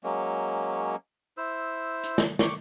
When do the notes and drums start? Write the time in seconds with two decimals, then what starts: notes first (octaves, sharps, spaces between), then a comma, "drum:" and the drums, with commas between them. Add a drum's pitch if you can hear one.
0.04 F#3 G#3 A#3 C#4
1.38 E4 C5 E6
2.04 drum: hi-hat
2.18 drum: snare
2.39 C#6 D6, drum: snare